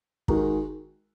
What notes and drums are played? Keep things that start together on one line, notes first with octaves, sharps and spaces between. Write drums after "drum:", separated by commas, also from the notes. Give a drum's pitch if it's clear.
D#3 G#3 D#4 F#4 A#4, drum: kick